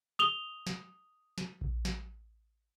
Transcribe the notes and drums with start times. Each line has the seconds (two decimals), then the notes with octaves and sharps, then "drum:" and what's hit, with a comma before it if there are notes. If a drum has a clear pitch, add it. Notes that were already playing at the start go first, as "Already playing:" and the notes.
0.19 D#6 F7 G7
0.67 drum: snare
1.38 drum: snare
1.61 drum: kick A#1
1.85 drum: snare